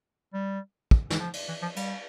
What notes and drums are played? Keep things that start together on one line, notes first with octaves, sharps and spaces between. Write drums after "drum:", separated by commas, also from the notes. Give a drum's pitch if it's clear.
G3
drum: kick
E3, drum: snare
F3
drum: cymbal
E3
F3
G3, drum: cymbal